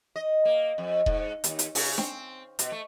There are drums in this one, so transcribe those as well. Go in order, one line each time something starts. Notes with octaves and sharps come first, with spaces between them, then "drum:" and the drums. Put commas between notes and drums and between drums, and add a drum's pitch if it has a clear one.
D#5
A#3
F2
G#2, drum: kick E1
D#2, drum: hi-hat
drum: hi-hat
C#3, drum: open hi-hat
C4, drum: snare D4
B2, drum: hi-hat
A3